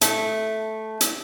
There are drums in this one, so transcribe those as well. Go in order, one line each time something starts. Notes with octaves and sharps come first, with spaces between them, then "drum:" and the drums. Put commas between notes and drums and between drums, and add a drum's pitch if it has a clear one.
A3, drum: hi-hat
drum: hi-hat